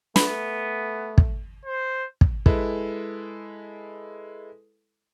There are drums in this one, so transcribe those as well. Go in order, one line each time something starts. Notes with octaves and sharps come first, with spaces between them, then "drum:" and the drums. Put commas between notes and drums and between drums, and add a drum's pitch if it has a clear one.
A3 B3 B4, drum: snare
drum: kick
C5
drum: kick
G#3 E4 A4 B4, drum: kick